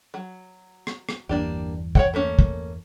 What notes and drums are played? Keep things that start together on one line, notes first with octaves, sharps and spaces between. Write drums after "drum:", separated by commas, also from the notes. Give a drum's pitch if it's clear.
F#3
drum: rim click
drum: rim click
G1 E2 A#3 D4 G4
C#5 F#5 G5, drum: kick
A3 A#3 C#4
drum: kick